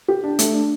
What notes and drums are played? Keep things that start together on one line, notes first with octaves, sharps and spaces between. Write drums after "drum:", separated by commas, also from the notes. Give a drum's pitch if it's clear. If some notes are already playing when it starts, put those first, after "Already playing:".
G4
D4
A3, drum: hi-hat
D4